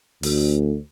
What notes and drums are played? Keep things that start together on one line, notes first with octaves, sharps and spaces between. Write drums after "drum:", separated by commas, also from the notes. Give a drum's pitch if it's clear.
D2, drum: open hi-hat